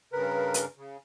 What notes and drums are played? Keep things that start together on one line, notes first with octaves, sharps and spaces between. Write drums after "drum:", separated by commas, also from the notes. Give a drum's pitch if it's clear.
G2 C#3 A#4 B4
drum: hi-hat
C#3